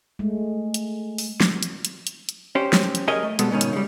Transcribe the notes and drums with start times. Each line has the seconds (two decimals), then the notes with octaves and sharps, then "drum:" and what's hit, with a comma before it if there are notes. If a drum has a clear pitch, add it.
0.19 G#3 A3
0.74 drum: hi-hat
1.18 drum: open hi-hat
1.40 drum: snare
1.63 drum: hi-hat
1.85 drum: hi-hat
2.07 drum: hi-hat
2.29 drum: hi-hat
2.55 C#4 G4 C5
2.73 drum: snare
2.95 drum: hi-hat
3.08 C#4 G4 G#4 A#4 D#5
3.23 A3
3.39 B2 G3 G#3 B3 A4, drum: hi-hat
3.51 G#2 B2 D#3 C#4
3.61 drum: hi-hat
3.73 C#3 G3